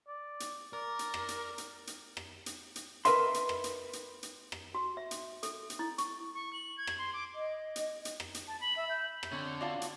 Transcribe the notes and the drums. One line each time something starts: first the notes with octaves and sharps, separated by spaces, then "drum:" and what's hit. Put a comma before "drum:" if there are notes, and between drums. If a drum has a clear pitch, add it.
D5
drum: hi-hat
A#4 D5
drum: hi-hat
drum: rim click
drum: hi-hat
drum: hi-hat
drum: hi-hat
drum: rim click
drum: hi-hat
drum: hi-hat
A#4 B4 D#5 E5 C6, drum: hi-hat
drum: hi-hat
drum: rim click
drum: hi-hat
drum: hi-hat
drum: hi-hat
drum: rim click
F#4
E5
drum: hi-hat
A4, drum: hi-hat
drum: hi-hat
E4
C#6, drum: hi-hat
C#6
F#7
G#6
drum: rim click
C6
D6
D#5
drum: hi-hat
drum: hi-hat
drum: rim click
drum: hi-hat
A5
B5 F#7
E5
G6
drum: rim click
F2 D3 C#5
F4 F#4 D5 A5
drum: hi-hat